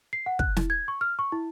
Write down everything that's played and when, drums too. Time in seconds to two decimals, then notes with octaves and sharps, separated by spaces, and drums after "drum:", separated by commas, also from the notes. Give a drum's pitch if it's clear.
0.13 C7
0.26 F#5
0.39 F#6, drum: kick
0.56 E4, drum: snare
0.70 G#6
0.88 C#6
1.01 F6
1.19 C#6
1.32 E4